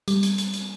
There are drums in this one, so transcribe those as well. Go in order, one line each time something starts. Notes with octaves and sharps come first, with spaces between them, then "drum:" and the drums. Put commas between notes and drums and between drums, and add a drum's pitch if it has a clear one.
G3, drum: hi-hat
drum: hi-hat
drum: hi-hat
drum: hi-hat